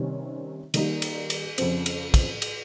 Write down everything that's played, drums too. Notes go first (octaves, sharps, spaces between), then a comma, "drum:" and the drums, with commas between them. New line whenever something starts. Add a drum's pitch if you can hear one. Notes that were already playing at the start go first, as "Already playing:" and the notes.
Already playing: C3 D#3 G3 C#4
D#3 G3 A#3 D#4, drum: cymbal
drum: cymbal
drum: cymbal
F2 C#3 F3 C4, drum: cymbal
drum: cymbal
drum: kick, cymbal
drum: cymbal